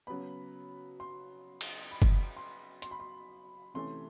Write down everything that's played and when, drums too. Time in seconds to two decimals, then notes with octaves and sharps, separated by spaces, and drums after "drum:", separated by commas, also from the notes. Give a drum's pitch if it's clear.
0.07 C#3 F#3 B3 B5
1.00 C6
1.61 drum: cymbal
1.91 B5
2.02 drum: kick F#1
2.37 C6
2.82 C6, drum: hi-hat
2.91 B5
3.00 C6
3.74 C3 E3 A3 C#4 C6